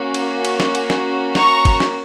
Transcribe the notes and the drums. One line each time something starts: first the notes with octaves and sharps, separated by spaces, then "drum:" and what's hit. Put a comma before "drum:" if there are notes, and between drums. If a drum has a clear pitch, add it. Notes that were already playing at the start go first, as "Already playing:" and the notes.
Already playing: A#3 C#4 F#4
drum: cymbal
drum: cymbal
drum: snare
drum: cymbal
drum: snare
A#5 C#6, drum: snare
drum: kick, cymbal
drum: snare